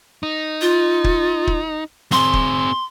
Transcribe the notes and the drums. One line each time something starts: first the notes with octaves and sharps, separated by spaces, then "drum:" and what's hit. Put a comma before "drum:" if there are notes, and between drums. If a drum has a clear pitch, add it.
D#4
F4
drum: kick
drum: kick
C4 G#4 C6, drum: snare
drum: kick